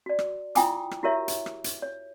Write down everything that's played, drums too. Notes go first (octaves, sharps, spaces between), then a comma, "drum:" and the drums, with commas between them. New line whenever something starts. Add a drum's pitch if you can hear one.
F#4 D5
drum: rim click
E4 F4 G5 G#5 D6 D#6, drum: hi-hat
drum: rim click
E4 F#4 G4 A#4 C#5 E5
drum: hi-hat
drum: rim click
drum: hi-hat
C#5